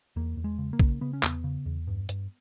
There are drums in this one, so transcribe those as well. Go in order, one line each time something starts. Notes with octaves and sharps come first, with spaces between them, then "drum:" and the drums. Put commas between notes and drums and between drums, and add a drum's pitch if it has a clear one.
E2 A#3
E2
G#3
C#3
A#3
C#3, drum: kick
C#3 B3
C#4
E2 B3, drum: clap
C#3
E2
G2
G2, drum: hi-hat